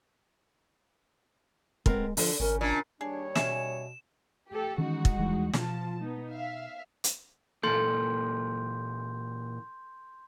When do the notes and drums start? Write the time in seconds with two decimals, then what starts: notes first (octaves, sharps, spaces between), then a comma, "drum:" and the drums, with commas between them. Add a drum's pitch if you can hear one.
1.86 G#3 B3 C4 A#4, drum: kick
2.17 D3 F3, drum: open hi-hat
2.40 G#1 C#3 A#4
2.61 A#2 D4
3.01 D#2 G3 D4 G#4 C#5
3.35 B2 C#4 G#4 E5 E7, drum: snare
4.50 A3 G4 A4
4.78 D#3 E3 G#3 C#4 D#4 F#4
5.05 drum: kick
5.17 D#2 E3 G3
5.53 B2 F3 F4 A5, drum: snare
6.00 B3 D#4
6.31 E5 F5
7.04 drum: hi-hat
7.63 A#2 E3 A#3 A4 C6 G6